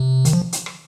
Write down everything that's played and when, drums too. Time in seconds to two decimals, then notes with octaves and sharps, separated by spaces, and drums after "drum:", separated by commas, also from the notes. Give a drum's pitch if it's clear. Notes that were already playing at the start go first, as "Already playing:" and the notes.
Already playing: C3
0.25 D#3, drum: hi-hat
0.33 F3
0.53 drum: hi-hat
0.66 drum: rim click